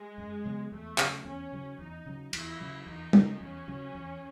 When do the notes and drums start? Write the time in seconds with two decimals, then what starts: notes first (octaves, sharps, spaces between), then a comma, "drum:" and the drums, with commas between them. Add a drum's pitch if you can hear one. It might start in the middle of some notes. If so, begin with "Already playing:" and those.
Already playing: G#3
0.18 F#2
0.45 C#3 F#3 B3
0.71 E2 A3
0.98 C#3 F#3, drum: clap
1.25 E2 C#4
1.52 C#3 F#3
1.79 E2 D#4
2.06 C#3 F#3
2.33 E2 E4, drum: cymbal
2.60 C#3 F#3
2.86 E2 D#4
3.13 C#3 F#3, drum: tom
3.40 E2 C#4
3.68 C#3 F#3
3.95 E2